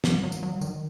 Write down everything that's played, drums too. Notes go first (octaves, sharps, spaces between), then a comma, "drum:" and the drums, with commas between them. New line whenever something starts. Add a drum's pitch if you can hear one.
F#3, drum: snare
G3
F#3
D#3, drum: tambourine
F#3
G3
D#3, drum: tambourine